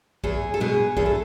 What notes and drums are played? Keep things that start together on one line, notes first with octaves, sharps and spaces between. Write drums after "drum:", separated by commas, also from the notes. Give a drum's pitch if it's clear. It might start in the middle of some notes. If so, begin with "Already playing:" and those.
E2 G#4, drum: kick
A4
B2 G#3 G#4
E2 G#4, drum: kick
A4